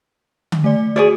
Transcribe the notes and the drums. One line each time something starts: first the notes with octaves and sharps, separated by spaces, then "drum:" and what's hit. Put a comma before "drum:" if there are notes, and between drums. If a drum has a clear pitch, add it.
drum: tom D3
A3 D5
F#4 G#4 C#5 D5